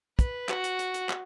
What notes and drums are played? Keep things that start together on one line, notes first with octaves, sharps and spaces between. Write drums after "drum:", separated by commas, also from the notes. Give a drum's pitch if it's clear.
B4, drum: kick, hi-hat
F#4, drum: clap
drum: hi-hat
drum: hi-hat
drum: hi-hat
drum: clap